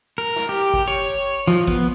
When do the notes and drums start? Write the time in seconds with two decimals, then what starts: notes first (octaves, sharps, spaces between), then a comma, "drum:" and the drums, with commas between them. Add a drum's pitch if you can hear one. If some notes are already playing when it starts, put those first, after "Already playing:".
0.18 A#4
0.36 drum: snare
0.49 G4
0.74 drum: kick
0.88 C#5
1.48 F3, drum: snare
1.67 B3, drum: kick